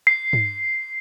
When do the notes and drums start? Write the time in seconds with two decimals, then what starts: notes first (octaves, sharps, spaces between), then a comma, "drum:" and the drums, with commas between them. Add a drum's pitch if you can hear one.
0.07 C7
0.33 drum: tom